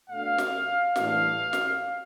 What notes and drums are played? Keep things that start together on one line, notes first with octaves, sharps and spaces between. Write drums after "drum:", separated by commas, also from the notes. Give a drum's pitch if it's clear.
B2 A3 D4 F5
drum: snare
A2 E3 G3 D4 F5, drum: snare
drum: snare